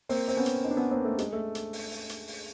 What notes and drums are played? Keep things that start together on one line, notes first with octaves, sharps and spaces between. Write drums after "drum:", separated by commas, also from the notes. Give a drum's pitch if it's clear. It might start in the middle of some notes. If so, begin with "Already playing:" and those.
A#3 C4, drum: open hi-hat
C4, drum: open hi-hat
B3 C#4
drum: hi-hat
C#4 D#4
D4
B3 C#4
A#3 C4
A3
G#3, drum: hi-hat
A3
drum: hi-hat
drum: open hi-hat
drum: open hi-hat
drum: hi-hat
drum: open hi-hat